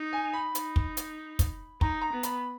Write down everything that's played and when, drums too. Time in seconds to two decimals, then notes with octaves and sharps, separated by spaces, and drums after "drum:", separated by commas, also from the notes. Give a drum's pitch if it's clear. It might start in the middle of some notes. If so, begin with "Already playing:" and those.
Already playing: D#4
0.13 G#5
0.33 B5
0.55 D#4, drum: hi-hat
0.76 drum: kick
0.97 drum: hi-hat
1.39 drum: kick, hi-hat
1.81 D#4 A#5, drum: kick
2.02 A#5
2.13 B3
2.23 B5, drum: hi-hat